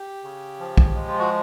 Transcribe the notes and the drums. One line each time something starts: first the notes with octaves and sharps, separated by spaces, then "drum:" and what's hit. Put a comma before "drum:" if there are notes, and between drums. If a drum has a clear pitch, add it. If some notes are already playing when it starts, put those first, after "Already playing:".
Already playing: G4
C#3
F3
drum: kick B1
G#3
F4
F#4